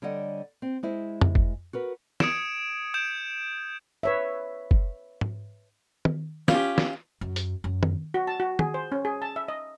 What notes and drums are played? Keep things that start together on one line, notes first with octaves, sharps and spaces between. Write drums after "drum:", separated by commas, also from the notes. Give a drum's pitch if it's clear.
D3 G3 C#5 D#5 F#5
C4
G#3 E4 C5
drum: tom F2
drum: kick
F#4 A#4 B4
D#6 G#6 C#7 D7 E7, drum: snare
D#6 G6 D7 E7
B4 C#5 E5
drum: kick
drum: tom G#2
drum: tom D#3
C#4 F4 G4, drum: snare
drum: snare
F#2
drum: hi-hat
F#2
drum: tom D#3
F#4
A5
F#4
G#4, drum: tom
C5
C#4
G#4
A5
E5
D#5